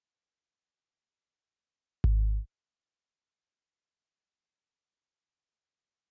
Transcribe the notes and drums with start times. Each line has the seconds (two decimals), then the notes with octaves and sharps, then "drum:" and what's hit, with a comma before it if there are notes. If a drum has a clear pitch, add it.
0.10 A3 D#4
2.04 drum: kick G#1
3.27 G4
3.57 D4
3.73 E2
4.49 F#2
4.87 G#2
5.28 A#2